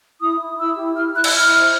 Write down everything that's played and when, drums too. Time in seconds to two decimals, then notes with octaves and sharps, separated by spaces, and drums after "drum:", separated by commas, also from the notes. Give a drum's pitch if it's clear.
0.21 E4 D#6
0.40 E4
0.59 E4 E6
0.77 G4
0.95 E4 F6
1.14 E4 F#6
1.24 E6, drum: cymbal
1.33 E4 F6
1.52 C5